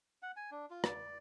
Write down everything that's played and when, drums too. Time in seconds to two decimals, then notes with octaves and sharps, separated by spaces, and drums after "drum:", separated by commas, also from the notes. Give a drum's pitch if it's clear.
0.22 F#5
0.36 G#5
0.51 D4
0.70 F4
0.84 D5, drum: rim click